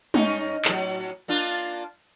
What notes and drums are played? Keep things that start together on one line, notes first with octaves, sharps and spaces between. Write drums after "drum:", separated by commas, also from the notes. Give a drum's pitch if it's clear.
G2 C#4 D#4, drum: tom G#3
A2 F#3, drum: clap
A#3 D4 F4